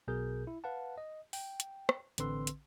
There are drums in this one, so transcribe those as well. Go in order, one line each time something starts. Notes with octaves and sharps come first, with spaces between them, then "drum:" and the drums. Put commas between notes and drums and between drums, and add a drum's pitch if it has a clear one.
B1 B2 G#4 A#4 G6
E4
B4 F5 F#5 A5
D#5
G5, drum: open hi-hat
drum: hi-hat
drum: rim click
A1 D3 C4 B4 C6 E6, drum: hi-hat
drum: hi-hat